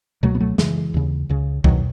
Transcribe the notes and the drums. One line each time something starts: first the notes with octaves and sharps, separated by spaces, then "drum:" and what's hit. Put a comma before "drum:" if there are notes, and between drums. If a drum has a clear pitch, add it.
C#2 B2 F#3 A3
B3
F#3 A3
F#2 C#3 E3 G#3, drum: snare
D#2 C#3
C#2 C#3
E2 B2 D#3 F#3, drum: kick B1